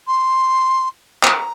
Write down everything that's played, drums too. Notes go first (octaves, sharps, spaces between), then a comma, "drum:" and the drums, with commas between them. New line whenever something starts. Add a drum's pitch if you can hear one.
C6
A#5, drum: clap